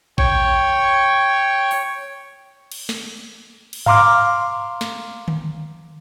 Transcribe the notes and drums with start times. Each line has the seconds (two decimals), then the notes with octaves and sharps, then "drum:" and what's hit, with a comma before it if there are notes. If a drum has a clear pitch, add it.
0.18 C#5 G5 C#6, drum: kick A1
1.71 drum: open hi-hat
2.72 drum: cymbal
2.89 drum: snare
3.73 drum: cymbal
3.86 F5 A#5 C6 D6 F6, drum: tom G2
4.81 drum: snare
5.28 drum: tom D3